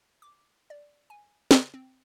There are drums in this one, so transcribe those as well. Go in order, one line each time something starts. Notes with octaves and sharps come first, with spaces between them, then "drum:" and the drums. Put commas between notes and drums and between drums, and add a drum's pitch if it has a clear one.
D6
D5
G#5
C#3, drum: snare
C4